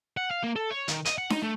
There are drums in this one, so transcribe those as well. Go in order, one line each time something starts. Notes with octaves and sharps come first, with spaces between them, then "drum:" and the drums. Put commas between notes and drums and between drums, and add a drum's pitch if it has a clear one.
F#5
F5
A#3
A4
C#5
D#3, drum: hi-hat
D#5, drum: hi-hat
F#5
D#4, drum: snare D4
A3